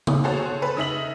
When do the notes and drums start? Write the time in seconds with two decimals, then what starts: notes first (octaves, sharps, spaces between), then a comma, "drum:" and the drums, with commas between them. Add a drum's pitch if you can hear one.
0.07 drum: tom C#3
0.24 F#4 G#4 A4 C5 C#5
0.62 A4 B4
0.77 C#3 D#4 E5 F#7